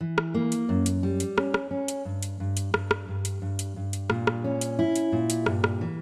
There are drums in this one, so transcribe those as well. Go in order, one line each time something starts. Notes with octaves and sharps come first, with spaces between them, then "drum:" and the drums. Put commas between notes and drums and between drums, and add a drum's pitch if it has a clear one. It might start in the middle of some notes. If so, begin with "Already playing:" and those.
E3
drum: rim click
A#3
drum: hi-hat
F#2
drum: hi-hat
G3
drum: hi-hat
C#4, drum: rim click
drum: rim click
C#4
drum: hi-hat
G2
drum: hi-hat
G2
drum: hi-hat
G2, drum: rim click
drum: rim click
G2
drum: hi-hat
G2
drum: hi-hat
G2
drum: hi-hat
A#2, drum: rim click
drum: rim click
C#4
drum: hi-hat
E4
drum: hi-hat
A#2
drum: hi-hat
G2, drum: rim click
drum: rim click
E3